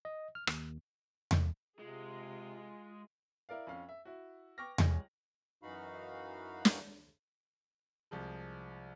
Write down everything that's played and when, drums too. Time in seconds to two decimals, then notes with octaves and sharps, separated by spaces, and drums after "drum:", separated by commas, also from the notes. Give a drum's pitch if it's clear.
0.05 D#5
0.35 F6
0.47 D#2, drum: rim click
1.31 drum: tom E2
1.79 C3 G#3 F4 G#4
3.49 E4 A#4 D5 F5
3.67 F2 C#4 F5
3.89 E5
4.05 E4 F#4
4.58 B4 G5 C#6 D6 F6 A#6
4.78 C#2 G3 G#4 C#5, drum: tom E2
5.63 F#2 E3 D#4 F#4 F5 B5
6.65 drum: snare
8.11 C2 F3 G#3